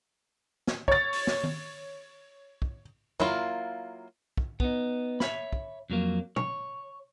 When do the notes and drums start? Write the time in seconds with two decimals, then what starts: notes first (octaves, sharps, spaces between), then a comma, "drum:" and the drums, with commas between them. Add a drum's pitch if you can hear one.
0.67 drum: snare
0.88 C#5 A6, drum: kick
1.13 drum: open hi-hat
1.27 drum: snare
1.44 drum: tom D#3
2.62 drum: kick
3.20 F#3 A#3 E4 F4, drum: tom F2
4.37 drum: kick
4.60 B3 D#4, drum: kick
5.20 C#5 E5 B5, drum: snare
5.53 drum: kick
5.90 F2 F#3 A#3
6.36 C#5, drum: tom